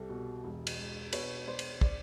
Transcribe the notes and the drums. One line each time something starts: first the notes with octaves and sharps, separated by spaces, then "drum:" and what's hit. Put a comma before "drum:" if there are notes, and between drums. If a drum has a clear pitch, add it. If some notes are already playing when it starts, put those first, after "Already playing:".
Already playing: C2 G4 A4
B2
E1
drum: cymbal
G#3
B2 B4 C#5, drum: cymbal
B2 C5 D5
drum: cymbal
C5 D5, drum: kick